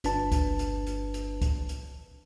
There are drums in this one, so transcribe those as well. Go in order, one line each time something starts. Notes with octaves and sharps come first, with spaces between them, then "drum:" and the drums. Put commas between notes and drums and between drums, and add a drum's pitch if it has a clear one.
G1 D4 B4 A5, drum: hi-hat
drum: kick C#2, hi-hat
drum: hi-hat
drum: hi-hat
drum: hi-hat
drum: kick C#2, hi-hat
drum: hi-hat